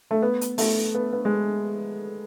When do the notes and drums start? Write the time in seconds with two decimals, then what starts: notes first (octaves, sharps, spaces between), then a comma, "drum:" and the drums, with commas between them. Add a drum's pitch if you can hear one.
0.11 A3
0.22 B3
0.41 drum: hi-hat
0.58 A3, drum: open hi-hat
0.95 B3
1.13 B3
1.25 G#3